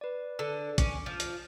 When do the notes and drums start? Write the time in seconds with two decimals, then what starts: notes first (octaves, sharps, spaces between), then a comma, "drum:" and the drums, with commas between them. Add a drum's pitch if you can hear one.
0.01 B4 D5
0.39 D3
0.78 C#4 D6, drum: kick, hi-hat
1.06 F3
1.20 drum: hi-hat